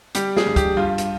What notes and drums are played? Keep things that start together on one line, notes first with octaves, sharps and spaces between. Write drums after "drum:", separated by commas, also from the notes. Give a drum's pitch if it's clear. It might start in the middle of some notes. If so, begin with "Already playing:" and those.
G3 G4, drum: hi-hat
G#4, drum: snare F4
G2
G4, drum: kick, hi-hat
G2 F4
drum: hi-hat